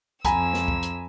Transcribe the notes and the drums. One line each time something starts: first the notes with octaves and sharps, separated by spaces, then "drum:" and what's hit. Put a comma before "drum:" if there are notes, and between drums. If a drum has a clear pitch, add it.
F2 G#5 A#5 B5 E6, drum: kick C2, hi-hat
drum: snare
drum: kick C2
drum: hi-hat